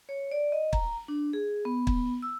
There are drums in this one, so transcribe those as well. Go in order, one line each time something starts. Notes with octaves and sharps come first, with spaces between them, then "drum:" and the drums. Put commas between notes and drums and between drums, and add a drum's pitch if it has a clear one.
C#5
D5
D#5
A#5, drum: kick
D4
G#4
B3
drum: kick
E6